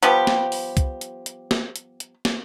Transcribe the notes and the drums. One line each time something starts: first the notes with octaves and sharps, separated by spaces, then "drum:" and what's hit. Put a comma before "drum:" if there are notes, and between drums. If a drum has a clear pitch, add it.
F3 G3 B3 G4, drum: hi-hat
drum: snare
drum: open hi-hat
drum: kick C2, hi-hat
drum: hi-hat
drum: hi-hat
drum: snare
drum: hi-hat
drum: hi-hat
drum: snare